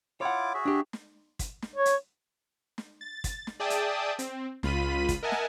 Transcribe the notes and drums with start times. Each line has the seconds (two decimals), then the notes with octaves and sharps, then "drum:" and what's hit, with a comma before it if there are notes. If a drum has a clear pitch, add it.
0.21 E4 F4 C#5 F#5 D6
0.54 F#4 G#4 E5
0.65 D4 G4
0.93 drum: snare
1.39 drum: kick, hi-hat
1.62 drum: snare
1.76 C#5
1.85 drum: hi-hat
2.78 drum: snare
3.01 A6
3.24 drum: kick, hi-hat
3.47 drum: snare
3.60 G#4 D5 E5 G5 A5 D#6
3.70 drum: hi-hat
4.19 C4, drum: hi-hat
4.63 C#2 F4 B5 B6 D#7, drum: snare
5.09 drum: kick, hi-hat
5.23 A#4 D#5 E5 F#5 G#5 A5
5.32 drum: snare